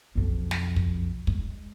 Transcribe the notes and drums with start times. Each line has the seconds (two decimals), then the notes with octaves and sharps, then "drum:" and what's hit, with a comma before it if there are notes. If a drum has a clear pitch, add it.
0.15 B1 F2
0.51 drum: snare
0.76 drum: kick
1.27 G#3, drum: kick